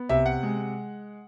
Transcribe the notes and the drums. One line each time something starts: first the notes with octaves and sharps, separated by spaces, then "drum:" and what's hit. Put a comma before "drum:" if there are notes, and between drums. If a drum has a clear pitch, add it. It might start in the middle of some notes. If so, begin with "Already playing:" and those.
Already playing: B3
C3 E5, drum: tom C2
F#5
G#3